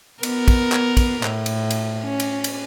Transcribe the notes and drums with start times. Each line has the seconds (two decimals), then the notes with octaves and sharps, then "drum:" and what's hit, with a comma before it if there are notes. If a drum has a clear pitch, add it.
0.23 B3 A#4, drum: cymbal
0.48 drum: kick, cymbal
0.72 drum: clap
0.97 drum: kick, cymbal
1.23 A2, drum: clap
1.46 drum: cymbal
1.71 drum: cymbal
2.04 C#4
2.20 drum: cymbal
2.44 drum: cymbal